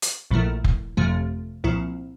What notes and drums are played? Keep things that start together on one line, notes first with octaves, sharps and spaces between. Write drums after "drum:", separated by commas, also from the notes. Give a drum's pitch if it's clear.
drum: hi-hat
A#1 A#2 F3 A3 E4
drum: kick F1
G1 F2 C3 F3 A3
C2 A#2 F3 C4 E4